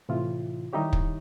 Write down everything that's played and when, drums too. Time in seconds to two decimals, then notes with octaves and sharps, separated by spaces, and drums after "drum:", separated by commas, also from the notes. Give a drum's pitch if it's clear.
0.09 A2 C3 E3 E4 F4
0.73 D#3 G3 D#4 E4 G4 C#5
0.93 drum: kick